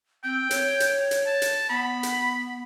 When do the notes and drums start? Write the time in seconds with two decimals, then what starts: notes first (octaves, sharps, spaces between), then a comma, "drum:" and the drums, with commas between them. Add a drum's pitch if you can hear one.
0.24 C4 G5
0.51 C#5, drum: hi-hat
0.80 drum: hi-hat
1.11 drum: hi-hat
1.26 A5
1.42 drum: hi-hat
1.69 B3 B5
2.03 drum: hi-hat